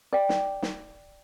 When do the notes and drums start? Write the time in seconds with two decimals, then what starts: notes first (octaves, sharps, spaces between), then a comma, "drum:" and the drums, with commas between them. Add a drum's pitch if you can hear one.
0.13 D5 G5
0.29 drum: snare
0.62 drum: snare